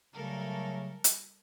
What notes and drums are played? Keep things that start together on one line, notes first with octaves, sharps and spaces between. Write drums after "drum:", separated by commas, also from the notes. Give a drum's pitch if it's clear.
C#3 F#3 G3 A3 A4 A#4
drum: hi-hat